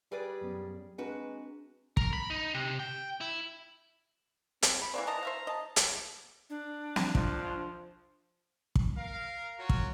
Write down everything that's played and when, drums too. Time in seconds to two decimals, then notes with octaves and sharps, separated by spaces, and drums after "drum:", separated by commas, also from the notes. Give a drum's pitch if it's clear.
0.12 G3 G#4 B4 D5
0.41 F#2 B3 C#4
0.98 G#3 C4 D4 F#4 B4 A#5
1.97 A#4, drum: kick
2.13 B5
2.30 D#4
2.54 C3
2.79 G5
3.21 E4
4.62 C4, drum: hi-hat
4.81 B5
4.94 E3 A#3 C4 D5
5.07 E3 D#5 A5 A#5
5.23 C5 E5 F5
5.47 D#5 A5
5.76 drum: hi-hat
6.50 D4
6.96 drum: snare
7.15 F3, drum: kick
8.75 drum: kick
8.97 A#4 F5
9.59 F4 F#4 A#4 C#5
9.69 drum: kick